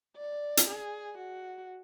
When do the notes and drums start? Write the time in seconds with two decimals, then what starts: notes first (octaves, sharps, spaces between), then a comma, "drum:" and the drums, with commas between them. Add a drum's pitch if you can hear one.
0.16 D5
0.57 drum: hi-hat
0.67 G#4
1.18 F#4